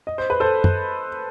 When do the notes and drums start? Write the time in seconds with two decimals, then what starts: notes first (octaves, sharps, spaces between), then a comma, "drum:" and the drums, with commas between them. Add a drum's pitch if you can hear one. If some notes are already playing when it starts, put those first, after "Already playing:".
0.07 D#5
0.18 C5
0.30 B4
0.40 A4 C5
0.64 drum: tom